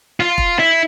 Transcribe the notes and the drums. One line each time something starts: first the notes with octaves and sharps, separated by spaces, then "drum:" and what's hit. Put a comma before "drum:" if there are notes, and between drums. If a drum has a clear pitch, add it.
F4
drum: kick
E4